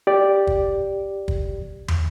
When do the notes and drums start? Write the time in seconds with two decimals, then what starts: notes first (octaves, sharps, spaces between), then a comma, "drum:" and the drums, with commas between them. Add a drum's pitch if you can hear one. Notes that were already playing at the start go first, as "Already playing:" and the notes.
0.07 G4 D5
0.47 drum: kick
1.28 drum: kick
1.88 drum: tom